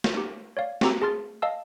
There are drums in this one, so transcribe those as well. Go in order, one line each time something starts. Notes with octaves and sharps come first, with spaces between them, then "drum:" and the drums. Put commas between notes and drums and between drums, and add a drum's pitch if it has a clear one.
drum: snare
D#4 G4
C#5 D5 F5
C4 F#4 G4 A#5 E6, drum: snare
G#4 A5 C6 F6 A6
D#5 F5 A5 E6